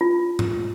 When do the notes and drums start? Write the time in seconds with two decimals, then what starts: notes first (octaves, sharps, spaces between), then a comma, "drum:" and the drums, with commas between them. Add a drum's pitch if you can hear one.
0.01 F4
0.39 drum: tom G#2